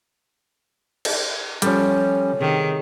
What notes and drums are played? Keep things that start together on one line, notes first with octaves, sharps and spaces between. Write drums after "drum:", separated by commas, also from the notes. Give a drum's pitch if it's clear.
drum: cymbal
F3 G3 C#4 A4 C#5, drum: hi-hat
C3 D#3 G#4